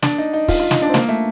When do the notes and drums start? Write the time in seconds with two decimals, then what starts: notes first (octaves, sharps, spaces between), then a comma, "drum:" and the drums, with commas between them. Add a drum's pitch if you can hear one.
0.02 D4, drum: snare
0.18 D#4
0.33 D#4
0.48 F4, drum: kick, open hi-hat
0.60 F4
0.71 D#4, drum: snare
0.82 D4
0.89 C4
0.94 A#3, drum: snare
1.09 A3